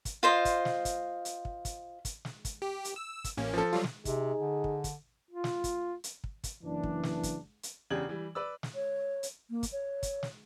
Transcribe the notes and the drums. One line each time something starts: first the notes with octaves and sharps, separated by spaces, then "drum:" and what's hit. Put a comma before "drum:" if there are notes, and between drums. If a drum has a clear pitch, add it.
drum: kick, hi-hat
F4 C5 D#5
drum: kick, hi-hat
drum: snare
drum: kick, hi-hat
drum: hi-hat
drum: kick
drum: kick, hi-hat
drum: kick, hi-hat
drum: snare
drum: kick, hi-hat
G4
drum: hi-hat
E6
drum: kick, hi-hat
A1 A#3 C#4
F3 A4
F#3 G3 F4
drum: snare
C3 D#4 G#4, drum: kick, hi-hat
D3
drum: kick
drum: kick, hi-hat
F4
drum: snare
drum: kick, hi-hat
drum: hi-hat
drum: kick
drum: kick, hi-hat
F#1 E3 D4
drum: kick
drum: snare
drum: kick, hi-hat
drum: hi-hat
E2 C#3 D4 G4 G#6 F#7
E3 G3
B4 D5 E6
drum: snare
C#5
drum: hi-hat
A#3
drum: kick, hi-hat
C#5
drum: kick, hi-hat
drum: snare